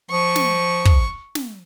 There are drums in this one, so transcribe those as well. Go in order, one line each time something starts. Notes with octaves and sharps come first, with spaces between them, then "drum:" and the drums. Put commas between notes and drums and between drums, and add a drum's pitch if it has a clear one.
F3 C#6
drum: snare
drum: kick
drum: snare